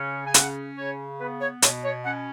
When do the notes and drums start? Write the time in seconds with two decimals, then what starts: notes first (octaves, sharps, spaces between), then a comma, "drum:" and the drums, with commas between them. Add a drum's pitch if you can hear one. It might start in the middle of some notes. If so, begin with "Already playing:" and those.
Already playing: C#3 C#4
0.27 G#5
0.34 C#4 F#5, drum: hi-hat
0.77 C#3 C#5
1.20 B3 B4
1.41 C#5
1.62 B2 C#5, drum: hi-hat
1.84 C#5
2.05 C#4 F#5